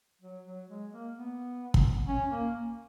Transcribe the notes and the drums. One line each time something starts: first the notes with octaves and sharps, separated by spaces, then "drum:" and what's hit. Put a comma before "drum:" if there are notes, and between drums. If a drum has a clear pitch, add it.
F#3
F#3
G#3
A#3
B3
drum: kick
C#4
A#3